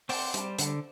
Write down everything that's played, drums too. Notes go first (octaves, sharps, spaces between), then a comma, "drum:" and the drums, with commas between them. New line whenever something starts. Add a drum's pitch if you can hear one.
C4 C5 D5, drum: open hi-hat
G3, drum: hi-hat
D3, drum: hi-hat